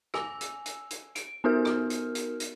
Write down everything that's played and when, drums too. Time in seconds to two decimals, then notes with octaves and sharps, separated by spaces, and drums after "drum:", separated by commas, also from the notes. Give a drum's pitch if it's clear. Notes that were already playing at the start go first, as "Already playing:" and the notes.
0.14 G#5 E6, drum: rim click
0.41 drum: hi-hat
0.66 drum: hi-hat
0.90 drum: hi-hat
1.15 D7, drum: hi-hat
1.44 B3 D#4 F#4 A#4 F6
1.65 drum: rim click
1.90 drum: hi-hat
2.15 drum: hi-hat
2.40 drum: hi-hat